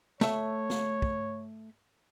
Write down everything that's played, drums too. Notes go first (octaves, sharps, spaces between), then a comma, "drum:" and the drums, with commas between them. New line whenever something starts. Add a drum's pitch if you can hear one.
A3 C#5 E5, drum: snare
drum: snare
drum: kick